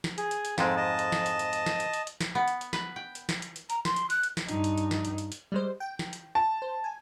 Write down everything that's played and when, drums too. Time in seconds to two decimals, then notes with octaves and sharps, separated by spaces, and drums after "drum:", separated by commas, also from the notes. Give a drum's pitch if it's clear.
0.04 drum: snare
0.18 G#4, drum: hi-hat
0.31 drum: hi-hat
0.45 drum: hi-hat
0.58 F2 G#2 G#3 C4 A5, drum: snare
0.77 D#5 A5
0.99 drum: hi-hat
1.12 drum: snare
1.26 drum: hi-hat
1.39 drum: hi-hat
1.53 drum: hi-hat
1.66 drum: snare
1.80 drum: hi-hat
1.93 drum: hi-hat
2.07 drum: hi-hat
2.21 drum: snare
2.35 B3
2.48 drum: hi-hat
2.61 drum: hi-hat
2.73 B4, drum: snare
2.96 G5
3.15 drum: hi-hat
3.29 drum: snare
3.42 drum: hi-hat
3.56 drum: hi-hat
3.70 A#5, drum: hi-hat
3.85 C6, drum: snare
3.96 drum: hi-hat
4.10 F#6, drum: hi-hat
4.23 drum: hi-hat
4.37 drum: snare
4.48 G2 D#4, drum: hi-hat
4.64 drum: hi-hat
4.78 drum: hi-hat
4.91 drum: snare
5.05 drum: hi-hat
5.18 drum: hi-hat
5.32 drum: hi-hat
5.52 G3 G#3 C5
5.80 G5
5.99 drum: snare
6.13 drum: hi-hat
6.35 A5
6.62 C5
6.84 G#5